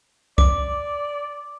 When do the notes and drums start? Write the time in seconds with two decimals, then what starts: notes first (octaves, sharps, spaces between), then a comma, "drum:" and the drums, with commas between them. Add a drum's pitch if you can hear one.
0.38 D5 D6, drum: kick C2